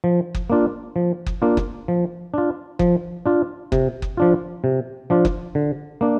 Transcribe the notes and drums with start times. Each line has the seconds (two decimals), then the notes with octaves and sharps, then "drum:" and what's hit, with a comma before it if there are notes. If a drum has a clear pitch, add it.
0.04 F3
0.35 drum: kick F#1
0.50 A#3 D4 F4
0.96 F3
1.26 drum: kick F#1
1.42 A#3 D4 F4
1.57 drum: kick F#1
1.88 F3
2.34 D4 F4
2.79 F3, drum: kick F#1
3.26 D4 F4
3.72 C3, drum: kick F#1
4.02 drum: kick F#1
4.17 F3 D4 F4
4.64 C3
5.10 F3 D4 F4
5.25 drum: kick F#1
5.55 D3
6.01 A#3 D4